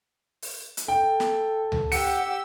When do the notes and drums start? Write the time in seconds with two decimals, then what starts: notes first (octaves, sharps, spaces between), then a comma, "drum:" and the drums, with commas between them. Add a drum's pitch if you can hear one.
0.42 drum: open hi-hat
0.77 drum: hi-hat
0.88 A4 G5
1.20 drum: snare
1.72 drum: tom C#2
1.92 G4 F#5 E6 C#7, drum: open hi-hat